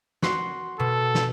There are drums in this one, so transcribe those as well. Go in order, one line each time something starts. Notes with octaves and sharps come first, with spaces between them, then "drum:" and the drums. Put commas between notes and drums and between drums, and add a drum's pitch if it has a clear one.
F#4 C6, drum: snare
B2 A4
drum: snare